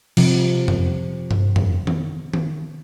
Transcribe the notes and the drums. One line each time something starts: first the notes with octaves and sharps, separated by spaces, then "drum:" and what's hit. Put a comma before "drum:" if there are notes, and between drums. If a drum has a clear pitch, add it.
C3 F3, drum: cymbal
drum: tom F2
drum: tom G2
drum: tom F2
drum: tom D#3
drum: tom D#3